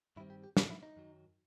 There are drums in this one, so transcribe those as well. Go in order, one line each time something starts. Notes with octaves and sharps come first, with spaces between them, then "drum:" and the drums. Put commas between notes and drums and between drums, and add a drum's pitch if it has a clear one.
G2 D#3 G3 C4 E4
G4
G4
F#4, drum: snare
E4
D#4
F#2 D#3 F#3